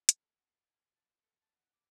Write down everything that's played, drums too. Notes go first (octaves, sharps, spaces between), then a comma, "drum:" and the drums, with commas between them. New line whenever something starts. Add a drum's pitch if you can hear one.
C#5, drum: hi-hat
A4
F#4
F4
G#5
A5
C5
A4
A5
F#5
D6